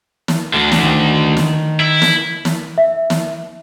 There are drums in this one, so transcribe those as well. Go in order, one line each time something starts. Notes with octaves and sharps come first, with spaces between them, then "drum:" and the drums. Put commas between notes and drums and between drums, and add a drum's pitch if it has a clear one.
drum: snare
D2 D3
drum: snare
D#3
drum: snare
E4
drum: snare
drum: snare
E5
drum: snare